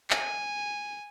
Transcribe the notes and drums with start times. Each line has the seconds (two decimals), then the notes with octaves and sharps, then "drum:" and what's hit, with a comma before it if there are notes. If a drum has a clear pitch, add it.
0.10 G#5, drum: clap